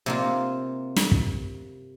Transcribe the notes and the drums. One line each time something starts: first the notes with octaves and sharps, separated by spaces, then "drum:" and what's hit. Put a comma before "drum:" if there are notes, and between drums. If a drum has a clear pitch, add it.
C3 A#3 F4
drum: snare
drum: kick